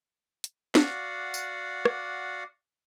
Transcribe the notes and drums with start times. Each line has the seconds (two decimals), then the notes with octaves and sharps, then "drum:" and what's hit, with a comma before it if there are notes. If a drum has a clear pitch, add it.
0.44 drum: hi-hat
0.75 F#4 D5 F5 F#5, drum: snare
1.34 drum: tambourine
1.85 drum: rim click